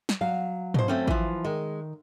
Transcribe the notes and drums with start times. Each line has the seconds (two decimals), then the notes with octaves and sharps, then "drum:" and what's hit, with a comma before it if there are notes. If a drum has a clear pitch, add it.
0.09 drum: snare
0.21 F#3 F5
0.74 B2 C5, drum: tom
0.88 A3 C4 C#4
1.07 E3 F3, drum: kick
1.45 D#3 G#3